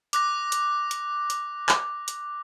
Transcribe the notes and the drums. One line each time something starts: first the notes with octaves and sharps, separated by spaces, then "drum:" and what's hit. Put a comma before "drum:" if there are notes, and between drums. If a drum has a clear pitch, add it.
D6 F#6 A#6, drum: hi-hat
drum: hi-hat
drum: hi-hat
drum: hi-hat
drum: clap
drum: hi-hat